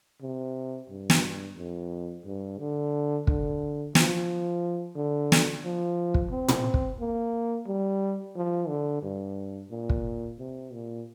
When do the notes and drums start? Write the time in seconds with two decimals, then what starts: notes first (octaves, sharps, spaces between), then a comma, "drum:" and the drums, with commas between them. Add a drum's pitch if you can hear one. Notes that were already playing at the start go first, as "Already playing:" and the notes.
0.22 C3
0.90 G2
1.10 drum: snare
1.57 F2
2.26 G2
2.59 D3
3.27 D3, drum: kick
3.95 F3, drum: snare
4.96 D3
5.32 drum: snare
5.64 F3
6.14 drum: kick
6.31 C4
6.48 drum: tom
6.74 drum: kick
6.99 A#3
7.67 G3
8.36 F3
8.68 D3
9.02 G2
9.70 A#2
9.89 drum: kick
10.39 C3
10.73 A#2